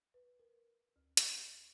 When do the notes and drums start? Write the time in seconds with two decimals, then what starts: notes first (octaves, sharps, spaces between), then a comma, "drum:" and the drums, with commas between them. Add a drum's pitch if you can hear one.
0.14 B4
0.39 A#4
0.96 D2
1.17 drum: hi-hat